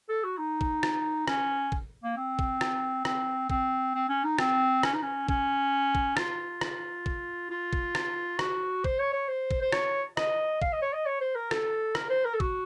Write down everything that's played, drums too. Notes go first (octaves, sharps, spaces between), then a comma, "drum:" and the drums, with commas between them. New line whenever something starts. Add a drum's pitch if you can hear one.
A4
F#4
D#4
drum: kick A1
drum: rim click
C#4, drum: rim click
drum: kick A1
A#3
C4
drum: kick A1
drum: rim click
C4, drum: rim click
C4, drum: kick A1
C4
C#4
D#4
C4, drum: rim click
C#4, drum: rim click
D#4
C#4
C#4, drum: kick A1
drum: kick A1
F4, drum: rim click
drum: rim click
drum: kick A1
F4
drum: kick A1
drum: rim click
F#4, drum: rim click
C5, drum: kick A1
C#5
C#5
C5
drum: kick A1
C5
C#5, drum: rim click
D#5, drum: rim click
F5, drum: kick A1
D#5
C#5
D#5
C#5
C5
A#4
A4, drum: rim click
A#4, drum: rim click
C5
A#4
A4
F#4, drum: kick A1